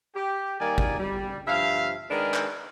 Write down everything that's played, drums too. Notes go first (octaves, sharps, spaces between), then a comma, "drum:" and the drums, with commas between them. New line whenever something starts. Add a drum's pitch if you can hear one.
G4
D#3 G3 A#3 D5 G#5
drum: kick G#1
G3
G2 F3 E5 F5
D#3 G#3 D4 G#4 A#4 B4
drum: clap